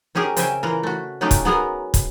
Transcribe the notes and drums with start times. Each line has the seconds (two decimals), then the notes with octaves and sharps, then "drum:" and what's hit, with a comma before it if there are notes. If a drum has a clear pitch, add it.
0.15 F#3 C#4 G4 G#4 A#4
0.37 C#3 C4 C#4 E5 G5 G#5, drum: hi-hat
0.63 E3 F4 A#4
0.83 A3 F#4
1.21 F#3 A3 C#4 D#4 F4 G4
1.31 drum: kick, hi-hat
1.45 F#3 B3 G#4 A#4
1.94 drum: kick, hi-hat